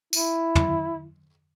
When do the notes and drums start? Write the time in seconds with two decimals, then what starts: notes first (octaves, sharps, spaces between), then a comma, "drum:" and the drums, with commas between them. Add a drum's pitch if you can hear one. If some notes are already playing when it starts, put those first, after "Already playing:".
0.13 E4, drum: tambourine
0.55 drum: tom